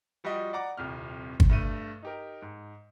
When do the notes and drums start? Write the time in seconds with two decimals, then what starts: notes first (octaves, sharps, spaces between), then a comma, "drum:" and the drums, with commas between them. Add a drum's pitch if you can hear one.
0.24 F3 G3 F#4 G4 D#5
0.53 D5 F#5 A#5 D6
0.77 D#1 C2 F2 F6
1.40 drum: kick
1.49 G2 A3 D#7
2.03 D#4 G4 A#4
2.42 G#2